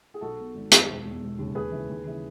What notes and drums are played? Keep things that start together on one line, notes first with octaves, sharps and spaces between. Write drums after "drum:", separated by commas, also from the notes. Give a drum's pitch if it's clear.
G#4
B1 F#4 A4
B2
G#1
F#2 D#3, drum: hi-hat
E1
E2 B2
E1
D#2 C#3
D#2 G#4 B4
C#3 E3
D#2
C#3 E3